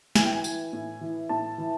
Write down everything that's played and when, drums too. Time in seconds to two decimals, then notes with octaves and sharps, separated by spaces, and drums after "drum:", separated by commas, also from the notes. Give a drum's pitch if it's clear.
0.15 E3 G#5, drum: snare
0.25 G5
0.33 G#5
0.44 E3, drum: tambourine
0.73 A2
1.01 E3
1.29 A2 A5
1.58 E3